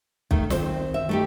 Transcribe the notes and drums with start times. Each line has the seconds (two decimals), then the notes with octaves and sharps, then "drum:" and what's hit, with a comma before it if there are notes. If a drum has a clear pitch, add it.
0.31 D#3 A3, drum: kick B1
0.50 D#3 C4 C5, drum: snare
0.94 E5
1.09 A3 D#4 G4